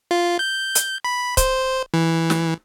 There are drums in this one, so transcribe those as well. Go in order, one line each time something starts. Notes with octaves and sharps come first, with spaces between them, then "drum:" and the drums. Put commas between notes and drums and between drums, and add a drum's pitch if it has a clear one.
F4
G6
drum: hi-hat
B5
C5, drum: kick C#1, hi-hat
E3
drum: snare